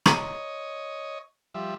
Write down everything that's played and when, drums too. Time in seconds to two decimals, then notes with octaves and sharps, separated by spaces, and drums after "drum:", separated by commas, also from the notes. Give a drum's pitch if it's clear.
0.06 C#5 D#5 A#5 C#6, drum: rim click
1.54 F3 G3 E5